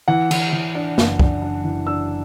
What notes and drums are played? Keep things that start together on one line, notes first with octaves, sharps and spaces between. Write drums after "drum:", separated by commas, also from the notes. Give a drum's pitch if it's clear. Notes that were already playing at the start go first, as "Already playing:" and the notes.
E3 F#5
E3, drum: cymbal
E3
D4
F#1, drum: snare
D4, drum: kick
D4
E3
D4 E6